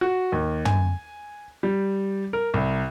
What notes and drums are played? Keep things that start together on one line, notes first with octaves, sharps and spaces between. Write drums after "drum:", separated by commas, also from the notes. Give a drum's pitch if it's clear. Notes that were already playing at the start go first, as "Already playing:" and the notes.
F#4
D#2
G#5, drum: tom
G3
A#4
C2